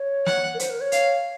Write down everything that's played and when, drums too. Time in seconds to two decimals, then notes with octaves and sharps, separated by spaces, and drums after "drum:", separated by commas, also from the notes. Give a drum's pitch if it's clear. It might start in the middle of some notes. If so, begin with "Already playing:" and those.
Already playing: C#5
0.26 F#5, drum: snare
0.54 A#4
0.60 C5, drum: hi-hat
0.70 A#4
0.80 C#5
0.92 F5, drum: hi-hat